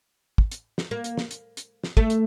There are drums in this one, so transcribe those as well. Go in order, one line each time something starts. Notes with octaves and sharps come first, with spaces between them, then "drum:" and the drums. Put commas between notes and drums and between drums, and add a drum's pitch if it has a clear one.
drum: kick
drum: hi-hat
drum: snare
A#3
drum: hi-hat
drum: snare
drum: hi-hat
drum: hi-hat
drum: snare
A3, drum: kick
drum: hi-hat